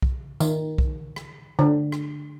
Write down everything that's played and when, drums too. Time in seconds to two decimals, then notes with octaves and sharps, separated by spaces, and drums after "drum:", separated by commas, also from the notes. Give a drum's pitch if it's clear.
0.02 drum: kick B1
0.40 D#3, drum: tambourine
0.78 drum: kick B1
1.16 drum: rim click
1.59 D3
1.92 drum: rim click